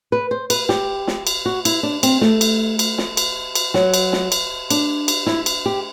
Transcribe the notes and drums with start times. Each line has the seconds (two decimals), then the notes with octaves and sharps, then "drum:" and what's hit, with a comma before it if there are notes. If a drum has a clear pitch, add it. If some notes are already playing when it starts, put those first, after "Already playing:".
0.12 B4
0.31 C5
0.50 B4, drum: cymbal
0.69 G4, drum: snare
1.07 drum: snare
1.27 drum: cymbal
1.46 F#4
1.65 E4, drum: cymbal
1.83 D4
2.03 C4, drum: cymbal
2.21 A3, drum: snare
2.41 drum: cymbal
2.79 drum: cymbal
2.98 drum: snare
3.17 drum: cymbal
3.55 drum: cymbal
3.74 F#3, drum: snare
3.94 drum: cymbal
4.13 drum: snare
4.32 drum: cymbal
4.70 D4, drum: cymbal
5.08 drum: cymbal
5.27 E4, drum: snare
5.46 drum: cymbal
5.66 G4